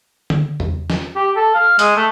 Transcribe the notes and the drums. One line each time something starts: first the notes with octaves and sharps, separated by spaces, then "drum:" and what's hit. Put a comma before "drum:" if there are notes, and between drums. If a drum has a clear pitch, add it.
drum: tom
drum: tom E2
drum: snare
G4
A4
F5
G#3, drum: hi-hat
A3